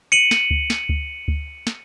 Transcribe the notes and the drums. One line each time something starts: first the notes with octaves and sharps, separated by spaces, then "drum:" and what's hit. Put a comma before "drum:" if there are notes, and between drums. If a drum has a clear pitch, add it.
C#7 D#7 F#7
drum: snare
drum: kick D2
drum: snare
drum: kick D2
drum: kick D2
drum: snare